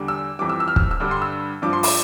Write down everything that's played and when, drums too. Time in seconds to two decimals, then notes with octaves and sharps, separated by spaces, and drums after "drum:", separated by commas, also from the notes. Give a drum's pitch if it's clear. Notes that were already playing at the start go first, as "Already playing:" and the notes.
Already playing: E2 D3 G3
0.08 E6
0.39 F2 E3 G3 D6
0.49 E6
0.60 E6
0.68 F6
0.76 E6, drum: kick
0.91 E6
1.00 G2 D3 G3 D6
1.11 C6
1.22 E6
1.62 G2 F3 D6
1.73 C6
1.83 D6, drum: open hi-hat